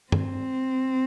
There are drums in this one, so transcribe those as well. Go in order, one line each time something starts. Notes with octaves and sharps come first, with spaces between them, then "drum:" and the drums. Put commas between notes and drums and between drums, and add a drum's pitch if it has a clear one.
C4, drum: tom G2